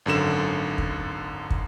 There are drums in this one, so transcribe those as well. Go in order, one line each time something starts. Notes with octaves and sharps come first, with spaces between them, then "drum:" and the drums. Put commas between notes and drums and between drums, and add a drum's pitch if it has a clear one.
G#1 F#2 D3 E7
drum: kick
drum: kick